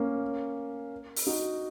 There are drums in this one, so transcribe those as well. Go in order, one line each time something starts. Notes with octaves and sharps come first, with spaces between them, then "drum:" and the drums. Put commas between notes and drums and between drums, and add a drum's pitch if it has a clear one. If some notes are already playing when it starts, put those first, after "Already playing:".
Already playing: A#3 C#4
drum: open hi-hat
D#4 F#4